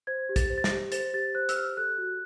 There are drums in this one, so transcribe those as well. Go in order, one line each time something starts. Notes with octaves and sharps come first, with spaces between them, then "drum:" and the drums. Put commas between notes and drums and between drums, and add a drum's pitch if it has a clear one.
C5 G#6
G4
A6, drum: kick, hi-hat
C5
A6
A#6, drum: snare
G4
C5 A6, drum: hi-hat
G4 A6
C5 F#6
E6, drum: hi-hat
G4 F6
A4 F#6
F#4